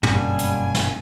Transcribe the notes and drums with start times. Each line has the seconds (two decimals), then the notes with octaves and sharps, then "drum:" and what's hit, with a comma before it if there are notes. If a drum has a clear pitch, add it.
0.03 G1 F#2 B2 G3 A#3 D4 G#5, drum: tom
0.39 drum: hi-hat
0.74 drum: snare